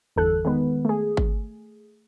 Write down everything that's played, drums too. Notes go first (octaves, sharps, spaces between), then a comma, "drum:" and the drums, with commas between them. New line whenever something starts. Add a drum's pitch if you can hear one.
G1 E2 A4 F#6
D#3 G#3 B3 B4
A3 G#4
drum: kick G#1